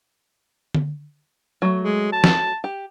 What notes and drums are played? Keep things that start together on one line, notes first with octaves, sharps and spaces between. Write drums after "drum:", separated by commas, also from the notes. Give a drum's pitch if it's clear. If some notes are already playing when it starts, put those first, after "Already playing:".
drum: tom D3
F#3 A3
G#3
A5
drum: snare
G4